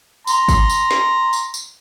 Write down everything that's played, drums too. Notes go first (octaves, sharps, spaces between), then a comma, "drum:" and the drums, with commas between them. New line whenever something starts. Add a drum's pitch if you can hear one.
A#5 C6, drum: tambourine
drum: kick, tambourine
drum: tambourine
drum: snare
drum: tambourine
drum: tambourine